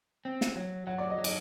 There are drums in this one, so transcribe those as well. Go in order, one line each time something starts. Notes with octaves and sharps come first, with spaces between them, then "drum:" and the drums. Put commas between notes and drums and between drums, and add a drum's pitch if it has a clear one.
C4
drum: snare
F#3
F#3 F#5
D5
D#5
F#3
D#5, drum: cymbal